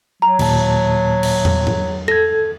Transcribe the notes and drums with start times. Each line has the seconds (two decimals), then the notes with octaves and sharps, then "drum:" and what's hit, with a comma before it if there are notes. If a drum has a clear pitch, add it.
0.22 F#3 A#5
0.39 D#2 A#2 A5, drum: cymbal
1.23 drum: cymbal
1.45 drum: tom
1.67 drum: tom
2.08 A4 G#6 A#6